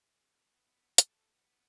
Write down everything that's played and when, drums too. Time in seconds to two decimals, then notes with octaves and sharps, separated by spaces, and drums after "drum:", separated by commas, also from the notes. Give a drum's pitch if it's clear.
0.15 C3 A3
0.54 B3 B4
0.66 B3
0.98 A4, drum: hi-hat
1.36 B3